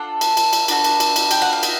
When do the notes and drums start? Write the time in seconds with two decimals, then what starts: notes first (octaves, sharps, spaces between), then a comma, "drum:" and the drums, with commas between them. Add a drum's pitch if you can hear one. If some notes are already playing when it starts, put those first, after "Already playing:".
Already playing: D4 F4 A4 F#5
0.21 drum: cymbal
0.37 drum: cymbal
0.53 drum: cymbal
0.68 D4 F#4 A4, drum: cymbal
0.84 drum: cymbal
1.00 drum: cymbal
1.16 drum: cymbal
1.31 G5, drum: cymbal
1.42 F#5
1.53 F5
1.63 B3 D#4 E5, drum: cymbal